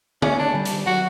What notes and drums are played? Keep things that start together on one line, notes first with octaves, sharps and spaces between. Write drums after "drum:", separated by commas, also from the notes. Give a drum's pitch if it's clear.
A3 C#4, drum: tom D3
D4
G3
drum: hi-hat
F#3 F#4